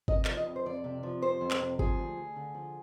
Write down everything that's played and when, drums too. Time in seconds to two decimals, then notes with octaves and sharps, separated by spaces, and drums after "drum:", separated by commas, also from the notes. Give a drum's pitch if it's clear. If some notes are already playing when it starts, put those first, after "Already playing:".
0.08 C3 D#5, drum: kick G1
0.25 F3 D5, drum: clap
0.37 D#5
0.46 F2
0.56 C5
0.66 F2 D5
0.84 C3
1.03 F3
1.22 F2 C5
1.41 F2
1.51 drum: clap
1.60 C3
1.79 F3 G#4, drum: kick G1
1.98 D2
2.17 D2
2.36 D3
2.54 F3